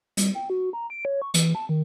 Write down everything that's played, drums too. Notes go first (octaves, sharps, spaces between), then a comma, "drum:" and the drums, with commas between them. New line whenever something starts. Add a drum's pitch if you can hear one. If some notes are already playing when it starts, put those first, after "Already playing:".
G3, drum: hi-hat
G5
F#4
A#5
D7
C#5
C#6
E3, drum: hi-hat
A5
D#3